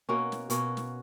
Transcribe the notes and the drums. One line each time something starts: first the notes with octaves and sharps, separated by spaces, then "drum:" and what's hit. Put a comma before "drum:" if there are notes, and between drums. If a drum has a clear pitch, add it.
B2 A#3 C#4 F#4
drum: snare
B2 A#3 C#4 F#4, drum: hi-hat
drum: snare